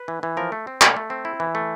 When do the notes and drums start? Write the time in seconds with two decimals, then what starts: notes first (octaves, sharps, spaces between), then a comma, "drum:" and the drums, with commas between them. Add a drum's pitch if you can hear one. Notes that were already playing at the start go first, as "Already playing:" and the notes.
Already playing: B4
0.08 E3
0.23 E3
0.37 F3 A#4
0.52 A3
0.67 C4
0.81 C3, drum: clap
0.97 A3
1.10 C4
1.25 E4
1.40 E3
1.55 A3